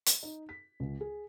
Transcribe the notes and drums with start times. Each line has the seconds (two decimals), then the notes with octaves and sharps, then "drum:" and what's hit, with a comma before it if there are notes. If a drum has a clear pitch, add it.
0.06 drum: hi-hat
0.23 D#4
0.49 B6
0.80 C#2
1.01 G#4